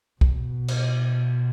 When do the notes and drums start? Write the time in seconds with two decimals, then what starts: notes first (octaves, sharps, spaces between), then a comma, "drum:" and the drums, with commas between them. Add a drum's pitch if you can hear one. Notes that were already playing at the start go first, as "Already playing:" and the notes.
0.21 B2, drum: kick
0.68 drum: cymbal